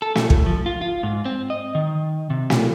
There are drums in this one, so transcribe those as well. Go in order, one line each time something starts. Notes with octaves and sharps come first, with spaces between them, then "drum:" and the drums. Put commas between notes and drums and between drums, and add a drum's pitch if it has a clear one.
A4
A3, drum: snare
drum: kick
F3
F4
F4
G#2
C4
D#5
D#3
C3
drum: snare